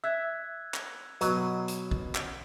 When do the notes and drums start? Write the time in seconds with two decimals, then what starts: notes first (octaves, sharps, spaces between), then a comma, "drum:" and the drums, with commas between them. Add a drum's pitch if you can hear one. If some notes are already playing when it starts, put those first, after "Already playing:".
0.04 E5 E6 F#6 G#6
0.74 drum: clap
1.21 B2 F#3 D#6, drum: hi-hat
1.68 drum: hi-hat
1.91 drum: kick
2.15 drum: clap